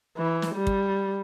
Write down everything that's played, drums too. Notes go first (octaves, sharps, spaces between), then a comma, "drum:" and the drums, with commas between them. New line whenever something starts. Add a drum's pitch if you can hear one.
E3
drum: snare
G3
drum: kick